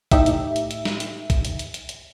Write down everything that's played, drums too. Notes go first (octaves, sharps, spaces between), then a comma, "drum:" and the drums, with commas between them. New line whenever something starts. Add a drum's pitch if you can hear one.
A2 D#4 G4 E5, drum: kick, hi-hat
drum: hi-hat
drum: hi-hat
drum: hi-hat
drum: snare
drum: hi-hat
drum: kick, hi-hat
drum: hi-hat
drum: hi-hat
drum: hi-hat
drum: hi-hat